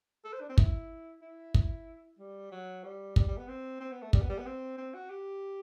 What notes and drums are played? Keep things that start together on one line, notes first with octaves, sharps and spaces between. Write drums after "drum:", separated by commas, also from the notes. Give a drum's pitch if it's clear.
A4
C5
D4
C4
E4, drum: kick
E4
drum: kick
G3
F#3
G3
G3, drum: kick
G3
B3
C4
C4
B3
A3
G3, drum: kick
B3
G3
B3
C4
C4
F#4
G4